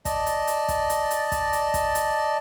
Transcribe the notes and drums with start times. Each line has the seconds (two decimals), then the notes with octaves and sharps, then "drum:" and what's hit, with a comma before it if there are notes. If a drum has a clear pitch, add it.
0.05 D5 D#5 A5, drum: kick, hi-hat
0.26 drum: hi-hat
0.47 drum: hi-hat
0.68 drum: kick, hi-hat
0.90 drum: hi-hat
1.11 drum: hi-hat
1.32 drum: kick, hi-hat
1.53 drum: hi-hat
1.74 drum: kick, hi-hat
1.95 drum: hi-hat